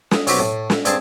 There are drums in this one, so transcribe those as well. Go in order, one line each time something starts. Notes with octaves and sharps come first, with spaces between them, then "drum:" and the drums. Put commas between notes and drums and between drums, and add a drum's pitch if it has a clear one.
D#6, drum: snare
B1 C4 F#4 G4 B4, drum: open hi-hat
A2
drum: snare
G2 C4 G#4 A5, drum: hi-hat